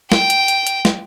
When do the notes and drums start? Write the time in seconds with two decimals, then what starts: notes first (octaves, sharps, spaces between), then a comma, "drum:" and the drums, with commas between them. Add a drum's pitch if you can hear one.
0.12 G5, drum: snare
0.30 drum: hi-hat
0.48 drum: hi-hat
0.67 drum: hi-hat
0.85 drum: snare